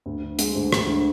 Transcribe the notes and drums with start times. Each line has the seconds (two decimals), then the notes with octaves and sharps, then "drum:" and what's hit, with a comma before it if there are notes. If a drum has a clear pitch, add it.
0.06 D2
0.23 D3
0.39 G#3, drum: hi-hat
0.55 D2
0.73 D2, drum: rim click
0.89 D3